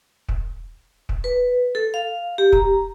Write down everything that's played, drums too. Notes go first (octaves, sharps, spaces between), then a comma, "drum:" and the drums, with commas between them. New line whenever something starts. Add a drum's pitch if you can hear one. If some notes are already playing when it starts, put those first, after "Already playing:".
drum: kick
drum: kick
B4
A4
F5
G4
A#5, drum: kick